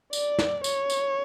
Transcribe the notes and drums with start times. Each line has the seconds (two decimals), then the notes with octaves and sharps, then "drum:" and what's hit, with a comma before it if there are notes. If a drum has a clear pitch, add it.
0.13 D5, drum: tambourine
0.39 drum: snare
0.64 C#5, drum: tambourine
0.90 drum: tambourine